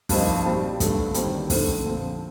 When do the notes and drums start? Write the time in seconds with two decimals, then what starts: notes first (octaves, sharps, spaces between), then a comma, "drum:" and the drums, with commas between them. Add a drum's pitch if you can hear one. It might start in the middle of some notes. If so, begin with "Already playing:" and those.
0.09 G2 F3 A#3 D#4, drum: kick, open hi-hat
0.45 A#2 G3 C4
0.80 G2 D3 A3, drum: kick, hi-hat
1.14 D#2 D#3 G3 C4, drum: hi-hat
1.50 F2 D3 A3 C4, drum: kick, open hi-hat
1.84 A#2 F3 C4